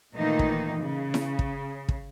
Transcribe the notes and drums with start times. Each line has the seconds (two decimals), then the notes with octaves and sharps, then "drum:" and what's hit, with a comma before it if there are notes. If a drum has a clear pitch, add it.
0.14 A#2 D#3 E3 A3 A#3 D#4
0.39 drum: kick
0.80 C#3
1.14 drum: snare E4
1.39 drum: kick
1.89 drum: kick